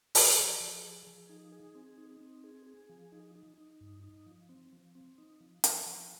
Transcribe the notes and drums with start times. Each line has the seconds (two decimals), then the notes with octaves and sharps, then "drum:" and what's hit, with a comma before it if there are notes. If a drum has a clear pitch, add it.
0.15 F3, drum: open hi-hat
0.38 F3
0.61 F3
0.84 G#4
1.07 F3
1.29 D#4
1.52 G#4
1.75 C4
1.98 D#4
2.21 C4
2.44 G#4
2.66 G#4
2.90 F3
3.12 D#4
3.35 D#4
3.58 D#4
3.81 G2
4.04 D#4
4.26 F3
4.49 C4
4.73 F3
4.95 C4
5.18 D#4
5.41 F3
5.64 F3, drum: hi-hat
5.87 F3